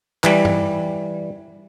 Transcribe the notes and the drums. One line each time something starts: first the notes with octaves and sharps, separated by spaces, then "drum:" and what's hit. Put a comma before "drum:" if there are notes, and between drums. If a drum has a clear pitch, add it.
E3 G3, drum: clap
drum: tom G2